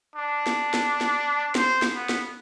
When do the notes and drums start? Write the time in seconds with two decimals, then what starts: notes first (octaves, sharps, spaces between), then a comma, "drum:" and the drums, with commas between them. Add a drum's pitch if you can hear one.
0.16 D4
0.47 drum: snare
0.74 drum: snare
1.01 drum: snare
1.55 C5, drum: snare
1.82 drum: snare
1.94 B3
2.09 drum: snare